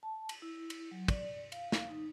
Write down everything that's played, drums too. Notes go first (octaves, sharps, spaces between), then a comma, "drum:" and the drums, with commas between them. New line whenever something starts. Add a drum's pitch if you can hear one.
A5
drum: cymbal
E4
drum: cymbal
F#3
D5, drum: kick, cymbal
F5, drum: cymbal
drum: snare
D#4